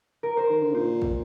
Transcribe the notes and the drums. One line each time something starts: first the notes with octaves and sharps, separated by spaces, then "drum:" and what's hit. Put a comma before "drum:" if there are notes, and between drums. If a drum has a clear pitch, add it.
A#4
C5
D#3
D3
A#2 C5
drum: kick